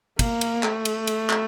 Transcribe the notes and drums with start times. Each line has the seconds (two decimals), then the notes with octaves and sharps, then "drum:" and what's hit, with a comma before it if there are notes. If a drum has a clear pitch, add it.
0.19 A#3, drum: kick, cymbal
0.41 drum: cymbal
0.63 A3, drum: clap
0.85 drum: cymbal
1.07 drum: cymbal
1.29 drum: clap